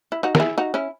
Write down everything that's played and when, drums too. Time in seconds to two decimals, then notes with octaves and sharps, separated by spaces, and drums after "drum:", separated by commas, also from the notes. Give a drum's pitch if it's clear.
0.12 E4
0.23 D#4 F#4
0.35 A#4, drum: snare
0.40 E4 G#4
0.58 D#4 F#4
0.74 C#4 E4